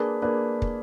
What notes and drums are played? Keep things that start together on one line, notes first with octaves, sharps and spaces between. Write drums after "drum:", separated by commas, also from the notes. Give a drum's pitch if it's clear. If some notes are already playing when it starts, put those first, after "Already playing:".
Already playing: A#3 D4 G#4 B4
A#3 D4 G#4 B4
drum: kick